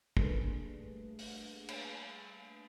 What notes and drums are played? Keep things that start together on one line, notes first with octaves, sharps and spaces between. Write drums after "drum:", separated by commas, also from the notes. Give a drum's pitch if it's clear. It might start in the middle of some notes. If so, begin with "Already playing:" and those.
G3 A3 A#3 D4 G#4 B4, drum: kick
drum: open hi-hat
drum: cymbal